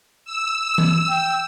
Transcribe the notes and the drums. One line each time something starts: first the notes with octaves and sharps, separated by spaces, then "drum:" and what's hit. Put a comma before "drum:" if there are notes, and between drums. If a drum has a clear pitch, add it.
E6
drum: tom E3
G5